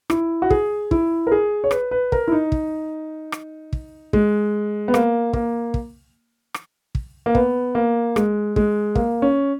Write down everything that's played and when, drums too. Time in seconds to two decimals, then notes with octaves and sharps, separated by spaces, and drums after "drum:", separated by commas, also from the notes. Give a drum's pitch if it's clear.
0.10 E4, drum: rim click
0.42 F#4
0.50 G#4, drum: kick
0.91 E4, drum: kick
1.27 A#4
1.32 G#4
1.64 C#5
1.71 B4, drum: rim click
1.91 B4
2.12 A#4, drum: kick
2.28 E4
2.32 D#4
2.52 drum: kick
3.32 drum: rim click
3.73 drum: kick
4.13 G#3, drum: kick
4.88 B3
4.94 A#3, drum: rim click
5.33 A#3, drum: kick
5.74 drum: kick
6.54 drum: rim click
6.95 drum: kick
7.26 A#3
7.35 B3, drum: kick
7.75 A#3
8.16 G#3, drum: rim click
8.56 G#3, drum: kick
8.95 A#3, drum: kick
9.22 C#4